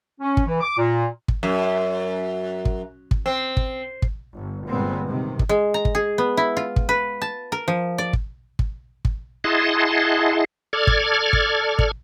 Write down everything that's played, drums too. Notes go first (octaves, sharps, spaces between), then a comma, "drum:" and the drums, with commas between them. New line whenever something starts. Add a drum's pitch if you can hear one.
C#4
drum: kick
E3
D6
A#2
drum: kick
F#2
drum: kick
drum: kick
C4
drum: kick
drum: kick
G1
G1 A#2 G#3 B3 C4
C3 D#3
drum: kick
G#3
A#5
drum: kick
G#4
B3
E4
F4
drum: kick
B4
A5
A#4
F3
D5
drum: kick
drum: kick
drum: kick
E4 G#4 D#5 F#5 A5 C6
A4 D5 F6 G#6
drum: kick
drum: kick
drum: kick